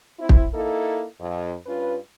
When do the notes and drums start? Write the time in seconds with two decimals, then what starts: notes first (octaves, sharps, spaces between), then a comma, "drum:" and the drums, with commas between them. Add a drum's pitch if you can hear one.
0.19 C4 E4
0.29 drum: kick
0.54 A#3 D#4 E4 A4
1.20 F2
1.66 G2 C#4 F4 B4